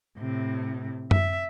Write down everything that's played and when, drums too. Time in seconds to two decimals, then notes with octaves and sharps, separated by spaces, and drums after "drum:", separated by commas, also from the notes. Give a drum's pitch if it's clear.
0.17 A2 C3
1.11 E5, drum: tom F#2